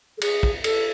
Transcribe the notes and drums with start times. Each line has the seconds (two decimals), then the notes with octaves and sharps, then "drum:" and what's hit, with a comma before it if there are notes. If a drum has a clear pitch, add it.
0.18 A4
0.21 G#4, drum: cymbal
0.43 drum: kick
0.64 A4, drum: cymbal